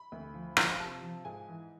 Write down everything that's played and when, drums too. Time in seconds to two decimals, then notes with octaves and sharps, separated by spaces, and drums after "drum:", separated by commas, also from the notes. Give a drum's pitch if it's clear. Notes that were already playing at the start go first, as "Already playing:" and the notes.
Already playing: B5
0.12 D2
0.34 F3
0.57 F3, drum: rim click
0.80 C3 A5
1.02 F3
1.25 G#2 G#5
1.48 E3